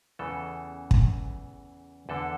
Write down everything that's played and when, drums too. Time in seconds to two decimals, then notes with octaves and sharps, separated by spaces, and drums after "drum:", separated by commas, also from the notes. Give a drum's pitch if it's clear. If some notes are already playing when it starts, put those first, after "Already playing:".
0.19 E2 C#3 E3 A4
0.91 drum: kick
2.09 E2 D3 A4